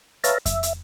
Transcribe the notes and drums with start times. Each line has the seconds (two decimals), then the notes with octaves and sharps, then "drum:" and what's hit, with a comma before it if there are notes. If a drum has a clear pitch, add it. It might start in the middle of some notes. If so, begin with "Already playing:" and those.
0.24 B4 C#5 E5 F5 A5 A#5, drum: hi-hat
0.46 E5, drum: kick F2, hi-hat
0.63 drum: hi-hat